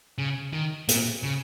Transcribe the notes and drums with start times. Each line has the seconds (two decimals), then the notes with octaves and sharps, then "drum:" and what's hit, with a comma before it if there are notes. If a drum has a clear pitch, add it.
0.18 C#3
0.53 D#3
0.88 A#2, drum: hi-hat
1.23 C#3